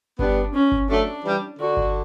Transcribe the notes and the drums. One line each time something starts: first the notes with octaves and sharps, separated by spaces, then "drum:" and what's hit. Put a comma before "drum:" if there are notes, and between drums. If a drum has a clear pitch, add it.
G3 B3 D4, drum: kick G1
C#4
drum: kick G1
F#3 A3 D4
E3 G3
D3 F#4
drum: kick G1